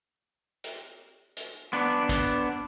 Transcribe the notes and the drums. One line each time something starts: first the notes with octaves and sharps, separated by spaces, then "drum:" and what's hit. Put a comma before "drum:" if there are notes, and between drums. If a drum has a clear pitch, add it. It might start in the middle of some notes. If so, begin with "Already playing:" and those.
drum: hi-hat
drum: hi-hat
B3 D4
drum: kick, hi-hat